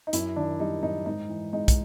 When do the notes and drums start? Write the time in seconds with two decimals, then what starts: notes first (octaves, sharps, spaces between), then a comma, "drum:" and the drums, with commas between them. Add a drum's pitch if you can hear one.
0.07 D#4
0.13 F#2 E4, drum: hi-hat
0.36 D#3 D4
0.60 G3 D#4
0.83 F#2 D#4
1.06 G#2 D#4
1.29 E3
1.53 G#3 D#4
1.68 drum: kick, hi-hat